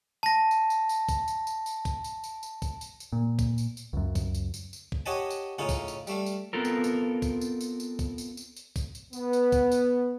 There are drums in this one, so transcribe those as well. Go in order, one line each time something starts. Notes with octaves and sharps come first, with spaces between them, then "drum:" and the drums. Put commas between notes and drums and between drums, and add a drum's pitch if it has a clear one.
A5 A#6
drum: tambourine
drum: tambourine
drum: tambourine
drum: kick, tambourine
drum: tambourine
drum: tambourine
drum: tambourine
drum: kick, tambourine
drum: tambourine
drum: tambourine
drum: tambourine
drum: kick, tambourine
drum: tambourine
drum: tambourine
A#2
drum: kick, tambourine
drum: tambourine
drum: tambourine
C#2 F#2
drum: kick, tambourine
drum: tambourine
drum: tambourine
drum: tambourine
drum: kick
G4 C#5 D#5 F#5 G#5 A5
drum: tambourine
A2 C#3 C#4 D#4 F4
drum: kick, tambourine
drum: tambourine
G3 A3 F5, drum: tambourine
drum: tambourine
B3 C4 F4 A4 A#4
drum: tambourine
drum: tambourine
drum: kick, tambourine
drum: tambourine
drum: tambourine
drum: tambourine
drum: kick, tambourine
drum: tambourine
drum: tambourine
drum: tambourine
drum: kick, tambourine
drum: tambourine
B3, drum: tambourine
drum: tambourine
drum: kick, tambourine
drum: tambourine